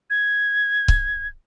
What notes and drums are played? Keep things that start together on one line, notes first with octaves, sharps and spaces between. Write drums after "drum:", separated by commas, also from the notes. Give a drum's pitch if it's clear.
G#6
drum: kick C#1